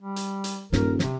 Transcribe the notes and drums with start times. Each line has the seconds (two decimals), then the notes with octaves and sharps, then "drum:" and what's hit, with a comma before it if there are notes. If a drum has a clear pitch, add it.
0.01 G3
0.16 drum: hi-hat
0.44 drum: hi-hat
0.73 D#1 G2 A#4, drum: snare
0.99 C3, drum: snare